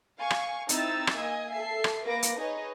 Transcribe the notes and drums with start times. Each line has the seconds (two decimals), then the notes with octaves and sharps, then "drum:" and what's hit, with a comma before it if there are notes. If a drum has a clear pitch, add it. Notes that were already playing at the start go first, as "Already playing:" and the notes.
0.18 F5 G#5 C#6
0.30 drum: rim click
0.69 C4 D#4 E4 A#5 E6 A6, drum: hi-hat
1.07 drum: rim click
1.17 A#3 D#5 G#5 G#6
1.53 A4 E5 C7
1.84 drum: rim click
2.05 A#3 B4 D6 A#6
2.23 drum: hi-hat
2.38 D#4 G#4 B4 C#5 D#5